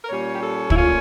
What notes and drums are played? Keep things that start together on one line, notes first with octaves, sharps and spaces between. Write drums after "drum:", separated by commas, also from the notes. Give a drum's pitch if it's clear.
A#4
A#2 G3 C#4 C#5
G4
A4
E4, drum: kick
A#2 A3 C#4 F4